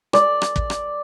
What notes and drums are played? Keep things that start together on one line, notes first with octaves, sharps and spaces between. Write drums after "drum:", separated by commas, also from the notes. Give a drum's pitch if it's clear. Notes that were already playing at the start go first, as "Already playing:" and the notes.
D5, drum: rim click
drum: rim click
drum: kick
drum: rim click